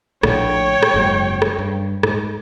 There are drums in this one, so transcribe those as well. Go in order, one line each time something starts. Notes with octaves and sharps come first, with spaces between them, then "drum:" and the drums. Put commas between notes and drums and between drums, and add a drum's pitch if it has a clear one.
A#1 A2 D3 C#5 G5, drum: rim click
drum: rim click
F#1 G#2 F#3
drum: rim click
G2
G#2, drum: rim click